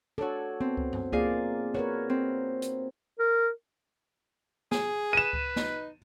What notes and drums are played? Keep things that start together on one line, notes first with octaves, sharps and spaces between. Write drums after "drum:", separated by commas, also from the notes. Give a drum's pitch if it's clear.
D4 F#4 A4 C#5
B3 C4
drum: kick C#2
drum: tom F#2
A#3 D#4 F4 G#4 D5 F5, drum: kick C#2
F#4 A#4 B4 C#5
C4
drum: hi-hat
A#4
G#4, drum: snare
B4 D#7 E7
drum: kick C#2
D#4, drum: snare